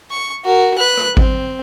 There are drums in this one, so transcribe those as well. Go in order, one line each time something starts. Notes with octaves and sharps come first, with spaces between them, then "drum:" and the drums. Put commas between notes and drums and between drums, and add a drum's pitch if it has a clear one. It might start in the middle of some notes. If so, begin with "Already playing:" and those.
C#6
F#4 A#4
B4 F#6
drum: rim click
C4, drum: kick G#1